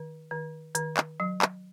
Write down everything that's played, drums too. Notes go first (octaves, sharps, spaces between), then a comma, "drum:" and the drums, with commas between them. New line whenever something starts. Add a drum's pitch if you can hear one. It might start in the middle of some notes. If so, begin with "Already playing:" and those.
Already playing: D#3
D#3
D#3, drum: hi-hat
drum: clap
F#3
drum: clap